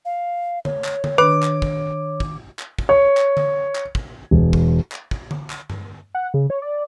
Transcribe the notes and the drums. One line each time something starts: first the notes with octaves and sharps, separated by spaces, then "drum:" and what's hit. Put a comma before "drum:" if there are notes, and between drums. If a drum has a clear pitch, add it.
F5
C#5, drum: tom D3
drum: clap
drum: tom D3
D#3 D4 B4 D6
drum: clap
drum: kick
drum: kick
drum: clap
drum: kick
C#5
drum: clap
drum: tom D3
drum: clap
drum: kick
E1
drum: kick
drum: clap
drum: kick
drum: tom D3
drum: clap
drum: tom G2
F#5
C#3
C#5
D5